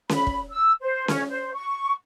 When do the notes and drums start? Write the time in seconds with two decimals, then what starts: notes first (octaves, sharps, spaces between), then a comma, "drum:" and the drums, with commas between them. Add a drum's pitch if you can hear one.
0.09 B5, drum: snare C#4
0.27 drum: kick
0.50 E6
0.81 C5
1.08 C#4, drum: snare C#4
1.29 C5
1.54 C#6